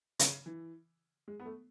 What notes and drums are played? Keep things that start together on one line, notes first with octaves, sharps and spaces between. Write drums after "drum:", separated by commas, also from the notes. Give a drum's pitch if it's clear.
C#3, drum: hi-hat
E3
G#3
B3
A3